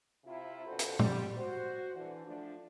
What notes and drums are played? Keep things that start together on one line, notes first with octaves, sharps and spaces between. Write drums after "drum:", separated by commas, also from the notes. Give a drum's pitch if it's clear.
C3 E4 F4
F2 B2 D4 F#4 A4 C5
drum: hi-hat
G3, drum: tom
F#4 C5
D3 E3
F3 A3 D4